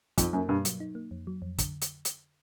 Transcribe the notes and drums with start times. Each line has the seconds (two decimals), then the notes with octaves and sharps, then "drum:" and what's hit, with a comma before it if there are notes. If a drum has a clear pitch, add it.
0.18 F2 D#4, drum: kick, hi-hat
0.33 F#2 A#3
0.48 G2 B2
0.65 F#3, drum: hi-hat
0.80 D#4
0.95 A#3
1.11 F2
1.27 F#3
1.42 F2
1.58 D3, drum: kick, hi-hat
1.81 drum: hi-hat
2.05 drum: hi-hat